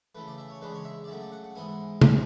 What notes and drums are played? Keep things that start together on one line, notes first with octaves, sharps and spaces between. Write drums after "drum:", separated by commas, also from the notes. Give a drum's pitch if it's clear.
C#3 E3 A3 B4
D5
E5
C#5
E2 C#3 G#3 D4 B4
C#5
E5
D5
C#3 F#3 A3 E5
D5
F#5
F#5
G#2 E3 B3 E4 G#5
A2 G#3 C#4, drum: tom